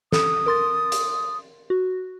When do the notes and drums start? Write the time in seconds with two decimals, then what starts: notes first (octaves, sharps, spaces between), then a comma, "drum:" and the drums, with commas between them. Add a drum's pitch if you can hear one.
0.12 A4 D#6, drum: snare
0.46 A#4 C6 A6
0.92 drum: hi-hat
1.70 F#4